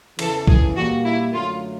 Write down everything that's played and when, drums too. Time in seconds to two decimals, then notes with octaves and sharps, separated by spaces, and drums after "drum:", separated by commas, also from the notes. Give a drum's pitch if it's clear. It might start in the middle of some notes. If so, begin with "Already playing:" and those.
0.19 E2 C#3 E3 A4, drum: cymbal
0.47 G#4, drum: kick
0.76 A#2 G3 A#3 F#4
1.04 E4
1.33 F#2 D3 F#3 A3 F4